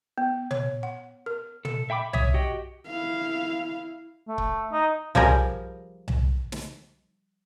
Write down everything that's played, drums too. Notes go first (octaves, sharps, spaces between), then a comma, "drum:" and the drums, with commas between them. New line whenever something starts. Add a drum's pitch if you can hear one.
B3
C#5, drum: tom
F#5
A#4
A4, drum: tom
E5 G5 B5 D6
C#5 E5 D#6, drum: tom C2
F#4 G4 D#5 G5
E4 F5
A3
drum: kick C#1
D#4
F3 G3 G#4 A#4, drum: tom C2
drum: tom C2
drum: snare